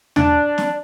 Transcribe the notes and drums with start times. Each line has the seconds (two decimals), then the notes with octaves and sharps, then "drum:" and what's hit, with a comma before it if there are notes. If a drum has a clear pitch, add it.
0.16 D4, drum: tom
0.58 drum: snare